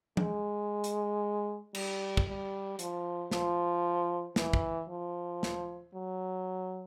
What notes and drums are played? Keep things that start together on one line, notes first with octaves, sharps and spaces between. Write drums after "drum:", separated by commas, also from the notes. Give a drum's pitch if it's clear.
G#3, drum: tom F3
drum: hi-hat
G3, drum: cymbal
drum: kick
G3
F3, drum: hi-hat
F3, drum: snare
E3, drum: snare
drum: kick
F3
drum: snare
F#3